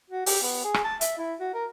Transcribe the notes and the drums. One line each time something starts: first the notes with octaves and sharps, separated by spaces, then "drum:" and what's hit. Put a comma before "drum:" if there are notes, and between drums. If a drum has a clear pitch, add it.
F#4
G4, drum: open hi-hat
B3
G#4
drum: rim click
A5
E5, drum: hi-hat
E4
F#4
A#4